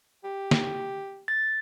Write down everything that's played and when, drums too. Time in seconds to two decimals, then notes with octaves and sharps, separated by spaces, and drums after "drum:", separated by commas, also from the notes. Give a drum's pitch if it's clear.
0.24 G4
0.51 drum: snare
1.28 A6